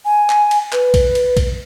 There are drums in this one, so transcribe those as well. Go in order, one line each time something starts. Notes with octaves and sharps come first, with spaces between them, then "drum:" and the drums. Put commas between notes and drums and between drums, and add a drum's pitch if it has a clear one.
G#5
drum: clap
drum: cymbal
B4, drum: clap
drum: kick A#1, cymbal
drum: cymbal
drum: kick A#1, cymbal